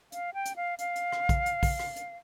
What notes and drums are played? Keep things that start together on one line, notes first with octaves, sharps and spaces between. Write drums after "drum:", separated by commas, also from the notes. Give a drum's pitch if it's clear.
F5, drum: hi-hat
G5
drum: hi-hat
F5
F5, drum: hi-hat
drum: hi-hat
drum: rim click
drum: kick, hi-hat
drum: hi-hat
drum: kick, open hi-hat
drum: rim click
drum: hi-hat